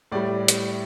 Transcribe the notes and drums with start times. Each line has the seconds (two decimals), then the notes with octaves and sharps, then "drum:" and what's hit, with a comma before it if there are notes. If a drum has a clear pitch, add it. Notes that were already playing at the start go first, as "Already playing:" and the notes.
0.12 A2 G3 D5
0.48 drum: hi-hat